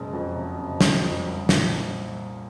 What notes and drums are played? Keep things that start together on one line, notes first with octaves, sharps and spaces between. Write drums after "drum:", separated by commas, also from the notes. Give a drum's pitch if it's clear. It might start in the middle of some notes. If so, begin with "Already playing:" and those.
Already playing: F#1 B2 G#3
F2
C3
F#1
F#1, drum: snare
F2
C2
A#2, drum: snare